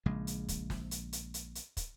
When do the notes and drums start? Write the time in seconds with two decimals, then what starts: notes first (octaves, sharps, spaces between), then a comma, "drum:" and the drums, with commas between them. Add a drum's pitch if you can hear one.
0.06 A#1 C#3 G#3
0.27 drum: hi-hat
0.48 drum: kick, hi-hat
0.70 drum: snare
0.91 drum: hi-hat
1.13 drum: hi-hat
1.34 drum: hi-hat
1.55 drum: hi-hat
1.77 drum: kick, hi-hat